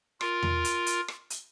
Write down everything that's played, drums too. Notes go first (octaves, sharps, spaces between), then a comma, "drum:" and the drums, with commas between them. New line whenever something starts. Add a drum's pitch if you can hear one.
F4 A#4, drum: rim click
drum: tom E2
drum: hi-hat
drum: hi-hat
drum: rim click
drum: hi-hat